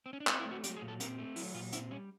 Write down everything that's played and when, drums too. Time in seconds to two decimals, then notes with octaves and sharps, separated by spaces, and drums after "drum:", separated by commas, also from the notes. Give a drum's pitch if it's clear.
0.06 C4
0.13 C#4
0.20 D4
0.27 C4 D#4, drum: clap
0.39 E4
0.46 A3
0.51 F#4
0.64 F#3 G4, drum: hi-hat
0.76 G#4
0.82 A#2
0.88 A4
1.00 C4 A#4, drum: hi-hat
1.18 A3
1.36 F#3 E4, drum: open hi-hat
1.54 A#2 F4
1.73 C4 E4, drum: hi-hat
1.91 G3 C#4